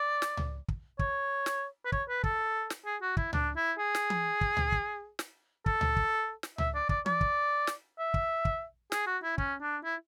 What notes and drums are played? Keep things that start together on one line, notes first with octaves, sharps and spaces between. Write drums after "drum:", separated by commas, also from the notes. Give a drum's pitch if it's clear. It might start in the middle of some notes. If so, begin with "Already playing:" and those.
Already playing: D5
drum: snare
drum: tom C#2
drum: kick
C#5, drum: kick
drum: snare
B4
C#5, drum: kick
B4
A4, drum: kick
drum: snare
G#4
F#4
E4, drum: kick
D4, drum: tom C#2
E4
G#4
drum: snare
drum: tom E3
drum: kick
drum: tom C#2
drum: kick
drum: snare
A4, drum: kick
drum: tom C#2
drum: kick
drum: snare
E5, drum: tom C#2
D5
D5, drum: kick
D5, drum: tom E3
drum: kick
drum: snare
E5
drum: kick
drum: kick
G#4, drum: snare
F#4
E4
C#4, drum: kick
D4
E4